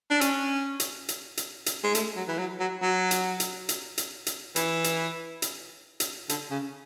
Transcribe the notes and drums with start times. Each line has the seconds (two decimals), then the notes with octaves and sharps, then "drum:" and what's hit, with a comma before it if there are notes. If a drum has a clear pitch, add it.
0.11 D4
0.21 C#4, drum: hi-hat
0.80 drum: hi-hat
1.09 drum: hi-hat
1.37 drum: hi-hat
1.66 drum: hi-hat
1.84 G#3
1.95 A3, drum: hi-hat
2.16 F#3
2.28 E3
2.39 F#3
2.60 F#3
2.82 F#3
3.11 drum: hi-hat
3.40 drum: hi-hat
3.69 drum: hi-hat
3.98 drum: hi-hat
4.26 drum: hi-hat
4.56 E3, drum: hi-hat
4.84 drum: hi-hat
5.42 drum: hi-hat
6.00 drum: hi-hat
6.29 D3, drum: hi-hat
6.51 C#3